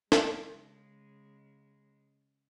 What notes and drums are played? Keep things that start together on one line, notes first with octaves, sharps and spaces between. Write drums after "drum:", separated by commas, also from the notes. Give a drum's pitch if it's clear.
C#3 G#3, drum: snare